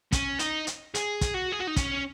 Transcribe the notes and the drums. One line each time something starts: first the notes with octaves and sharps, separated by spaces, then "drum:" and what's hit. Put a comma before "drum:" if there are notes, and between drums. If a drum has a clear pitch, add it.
C#4, drum: kick, hi-hat
D#4, drum: hi-hat
drum: hi-hat
G#4, drum: hi-hat
drum: kick, hi-hat
F#4
G#4
F#4
D#4
C#4, drum: kick, hi-hat